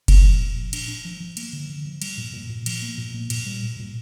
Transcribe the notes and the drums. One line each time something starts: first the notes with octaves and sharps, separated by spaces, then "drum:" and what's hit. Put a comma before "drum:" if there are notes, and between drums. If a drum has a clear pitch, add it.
A#2, drum: kick F1, cymbal
F3
A#2
A#2
D4, drum: cymbal
D4
F3
F3
A#3, drum: cymbal
D3
D3
F3
G3, drum: cymbal
A#2
A#2
A#2
F3, drum: cymbal
A#3
A#2
A#3
A#2, drum: cymbal
G3
A#2
A#2